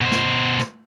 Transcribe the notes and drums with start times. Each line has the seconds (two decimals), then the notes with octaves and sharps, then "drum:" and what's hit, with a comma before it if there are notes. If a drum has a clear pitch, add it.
0.01 B2 C5
0.12 drum: snare
0.59 drum: snare